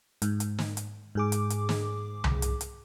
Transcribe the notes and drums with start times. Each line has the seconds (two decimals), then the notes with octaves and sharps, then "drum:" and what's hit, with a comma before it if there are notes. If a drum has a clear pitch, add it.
0.22 G#2, drum: hi-hat
0.40 drum: hi-hat
0.59 drum: snare
0.77 drum: hi-hat
1.15 G#2 G#4 D6
1.32 drum: hi-hat
1.50 drum: hi-hat
1.69 drum: snare
2.24 drum: tom C2
2.42 drum: hi-hat
2.61 drum: hi-hat